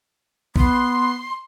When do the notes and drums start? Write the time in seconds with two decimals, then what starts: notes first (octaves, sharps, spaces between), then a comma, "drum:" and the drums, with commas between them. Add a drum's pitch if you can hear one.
0.56 B3 C6, drum: kick A#1